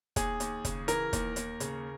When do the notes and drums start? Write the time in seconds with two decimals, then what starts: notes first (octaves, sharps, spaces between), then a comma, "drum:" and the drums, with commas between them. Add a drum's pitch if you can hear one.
0.16 D#2 G#4, drum: kick, hi-hat
0.40 D#2, drum: hi-hat
0.65 C#3, drum: kick, hi-hat
0.88 E3 A#4, drum: hi-hat
1.13 D#2, drum: kick, hi-hat
1.36 D#2, drum: hi-hat
1.60 C#3, drum: hi-hat